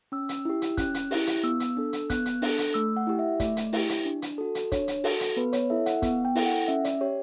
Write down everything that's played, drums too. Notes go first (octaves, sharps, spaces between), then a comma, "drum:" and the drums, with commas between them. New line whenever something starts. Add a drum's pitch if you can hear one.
C#4 E6
drum: hi-hat
E4 G4
drum: hi-hat
C#4 F#6, drum: kick, hi-hat
drum: hi-hat
E4 G4, drum: open hi-hat
drum: hi-hat
B3 E6
drum: hi-hat
D4 A4
drum: hi-hat
B3 F#6, drum: kick, hi-hat
drum: hi-hat
D4 A4, drum: open hi-hat
drum: hi-hat
A3 E6
F#5
E4 G4
E5
A3 D5, drum: kick, hi-hat
drum: hi-hat
E4 G4, drum: open hi-hat
drum: hi-hat
D4
drum: hi-hat
F#4 A4
drum: hi-hat
D4 C#5, drum: kick, hi-hat
drum: hi-hat
F#4 A4, drum: open hi-hat
drum: hi-hat
B3 B4
C#5, drum: hi-hat
E4 A4 E5
F#5, drum: hi-hat
B3, drum: kick, hi-hat
G5
E4 A4, drum: open hi-hat
F#5
C#4 E5
D5, drum: hi-hat
G4 C#5